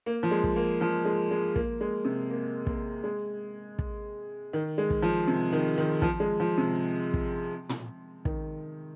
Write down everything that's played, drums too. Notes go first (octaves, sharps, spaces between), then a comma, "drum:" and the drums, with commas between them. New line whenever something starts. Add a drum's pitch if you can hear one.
A#3
F3
G#3
drum: kick
A#3
F3
G#3
G#3
A#3, drum: kick
G#3
C3
A#3
A#3, drum: kick
G#3
drum: kick
D#3
G#3
drum: kick
F3
C3
D#3
D#3
F3, drum: kick
G#3
F3
C3
drum: kick
drum: tom
D#3, drum: kick